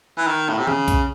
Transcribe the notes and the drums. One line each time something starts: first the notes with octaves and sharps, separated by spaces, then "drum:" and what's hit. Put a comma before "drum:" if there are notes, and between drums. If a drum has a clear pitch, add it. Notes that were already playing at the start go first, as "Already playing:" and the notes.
E3
D#3
A2
C3
C#3, drum: tom D#3
drum: kick B1, hi-hat